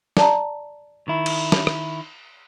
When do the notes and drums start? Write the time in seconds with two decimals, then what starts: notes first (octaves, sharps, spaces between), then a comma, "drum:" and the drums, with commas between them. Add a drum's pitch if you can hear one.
0.17 D5 A5 A#5, drum: snare
1.08 D#3 E4
1.26 drum: cymbal
1.52 drum: snare
1.67 drum: rim click